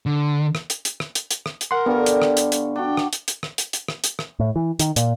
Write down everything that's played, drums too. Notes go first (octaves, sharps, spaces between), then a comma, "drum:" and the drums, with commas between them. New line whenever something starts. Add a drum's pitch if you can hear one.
D3
drum: rim click
drum: hi-hat
drum: hi-hat
drum: rim click
drum: hi-hat
drum: hi-hat
drum: rim click
drum: hi-hat
A#4 F#5 C6
D3 G3 B3 C#5 F5
drum: hi-hat
drum: rim click
drum: hi-hat
drum: hi-hat
D4 F#4 G5
drum: rim click
drum: hi-hat
drum: hi-hat
drum: rim click
drum: hi-hat
drum: hi-hat
drum: rim click
drum: hi-hat
drum: rim click
A2
E3
D#3, drum: hi-hat
A#2, drum: hi-hat